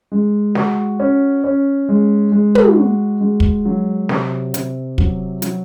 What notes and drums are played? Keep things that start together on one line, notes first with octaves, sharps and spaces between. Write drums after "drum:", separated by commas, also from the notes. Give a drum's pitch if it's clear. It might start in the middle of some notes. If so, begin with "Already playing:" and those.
G#3
F#4, drum: snare
C#4
C#4
G#3
G#3
drum: tom
F#4
G#3
drum: kick
F#3
C3, drum: snare
C3, drum: hi-hat
F#3, drum: kick
F#3, drum: hi-hat